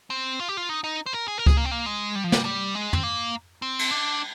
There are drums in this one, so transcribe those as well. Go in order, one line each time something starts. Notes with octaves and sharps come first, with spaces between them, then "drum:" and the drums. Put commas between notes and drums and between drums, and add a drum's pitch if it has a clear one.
C4
F4
G4
F4
D#4
D#4
C5
A#4
G#4
A#4
G#4, drum: kick C#2
A#3
C4
A#3
G#3
G3
F3
G3, drum: snare
G3
G#3
C4, drum: tom
A#3
C4
drum: cymbal
D4